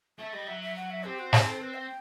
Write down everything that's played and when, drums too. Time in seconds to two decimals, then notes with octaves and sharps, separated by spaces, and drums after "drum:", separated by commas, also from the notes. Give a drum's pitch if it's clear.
0.18 A3 E5
0.33 G3 D#5
0.47 F#3 E5
0.62 E5
0.76 F#5
0.90 E5
1.04 C4 G4
1.19 F#4
1.33 G4, drum: snare
1.47 A4
1.62 B4
1.76 G5